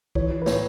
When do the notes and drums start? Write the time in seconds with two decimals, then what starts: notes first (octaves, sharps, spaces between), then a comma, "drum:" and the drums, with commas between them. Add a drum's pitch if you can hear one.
0.15 E3 C#5, drum: kick B1
0.31 E3
0.42 B4
0.46 A2 C#5, drum: snare